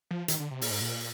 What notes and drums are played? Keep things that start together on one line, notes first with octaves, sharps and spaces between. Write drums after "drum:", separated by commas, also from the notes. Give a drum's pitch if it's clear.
F3
D#3, drum: hi-hat
D3
C3
A#2, drum: open hi-hat
G#2
A#2